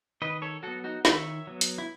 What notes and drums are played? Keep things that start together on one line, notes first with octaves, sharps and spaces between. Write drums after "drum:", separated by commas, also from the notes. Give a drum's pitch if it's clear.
D#3 B4 D#5
A4 C#5
F#3 B3 F#4 A4
D#4 F#4
D#3 C#5 E5, drum: snare
F#3 B3
drum: hi-hat
E4